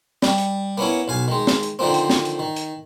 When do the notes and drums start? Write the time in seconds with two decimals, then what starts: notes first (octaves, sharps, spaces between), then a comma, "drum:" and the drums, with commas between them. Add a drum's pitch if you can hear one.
0.22 G3, drum: snare
0.38 drum: hi-hat
0.78 A#3 B3 C#4 E4
1.08 B1 F5 G#5
1.28 D#3 G#3
1.47 drum: snare
1.63 drum: hi-hat
1.79 D3 D#3 F3 A#3 C4
1.94 drum: hi-hat
2.10 drum: snare
2.25 drum: hi-hat
2.39 D#3
2.56 drum: hi-hat